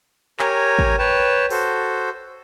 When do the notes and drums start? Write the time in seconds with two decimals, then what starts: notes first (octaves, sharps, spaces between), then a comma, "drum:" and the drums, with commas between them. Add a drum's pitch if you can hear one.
0.39 G4 A#4 C#5 G#5 A#5, drum: clap
0.79 drum: kick
0.98 B4 C#5 G5 A5
1.50 F#4 A4 C5, drum: open hi-hat